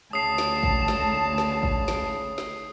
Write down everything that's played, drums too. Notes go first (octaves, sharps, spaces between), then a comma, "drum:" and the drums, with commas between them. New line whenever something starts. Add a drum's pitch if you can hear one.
D2 C#3 A5 D#6 C7
drum: snare
drum: kick
drum: snare
drum: snare
drum: kick
drum: snare
drum: snare